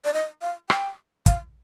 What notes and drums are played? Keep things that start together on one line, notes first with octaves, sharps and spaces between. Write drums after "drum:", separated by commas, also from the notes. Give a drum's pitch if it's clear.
D5
D#5
F5
G5, drum: rim click
F5, drum: kick, hi-hat